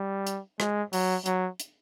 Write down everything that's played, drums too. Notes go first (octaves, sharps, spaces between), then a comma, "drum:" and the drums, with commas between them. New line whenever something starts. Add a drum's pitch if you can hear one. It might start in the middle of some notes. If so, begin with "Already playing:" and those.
Already playing: G3
drum: hi-hat
G#3, drum: rim click
F#3, drum: open hi-hat
F#3, drum: hi-hat
drum: hi-hat